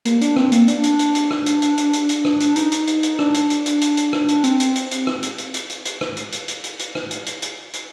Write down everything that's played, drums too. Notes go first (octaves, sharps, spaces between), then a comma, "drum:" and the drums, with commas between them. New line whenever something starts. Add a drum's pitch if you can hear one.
A#3, drum: hi-hat
D4, drum: hi-hat
C4, drum: rim click
A#3, drum: hi-hat
D4, drum: hi-hat
drum: hi-hat
drum: hi-hat
drum: hi-hat
drum: rim click
drum: hi-hat
drum: hi-hat
drum: hi-hat
drum: hi-hat
drum: hi-hat
drum: rim click
drum: hi-hat
D#4, drum: hi-hat
drum: hi-hat
drum: hi-hat
drum: hi-hat
D4, drum: rim click
drum: hi-hat
drum: hi-hat
drum: hi-hat
drum: hi-hat
drum: hi-hat
drum: rim click
drum: hi-hat
C4, drum: hi-hat
drum: hi-hat
drum: hi-hat
drum: hi-hat
drum: rim click
drum: hi-hat
drum: hi-hat
drum: hi-hat
drum: hi-hat
drum: hi-hat
drum: rim click
drum: hi-hat
drum: hi-hat
drum: hi-hat
drum: hi-hat
drum: hi-hat
drum: rim click
drum: hi-hat
drum: hi-hat
drum: hi-hat
drum: hi-hat